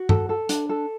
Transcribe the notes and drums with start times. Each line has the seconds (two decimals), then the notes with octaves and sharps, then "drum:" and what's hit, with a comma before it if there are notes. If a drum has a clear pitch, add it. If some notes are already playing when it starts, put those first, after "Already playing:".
Already playing: F#4
0.09 A4, drum: tom G2
0.29 A4
0.49 D4, drum: hi-hat
0.69 A4